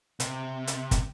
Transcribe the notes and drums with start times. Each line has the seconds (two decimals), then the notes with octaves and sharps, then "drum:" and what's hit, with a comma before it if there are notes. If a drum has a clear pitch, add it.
0.20 C3, drum: hi-hat
0.67 drum: hi-hat
0.91 drum: kick, hi-hat